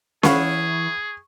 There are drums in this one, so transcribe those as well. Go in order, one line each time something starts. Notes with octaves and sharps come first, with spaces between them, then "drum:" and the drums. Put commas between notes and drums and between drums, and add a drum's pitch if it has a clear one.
E3 G#4 F5 F#5 B5 C#6, drum: snare C#4